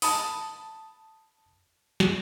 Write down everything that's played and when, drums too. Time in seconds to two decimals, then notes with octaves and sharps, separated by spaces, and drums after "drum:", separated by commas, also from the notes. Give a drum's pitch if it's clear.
0.02 A5 B5 D#6, drum: open hi-hat
2.00 drum: snare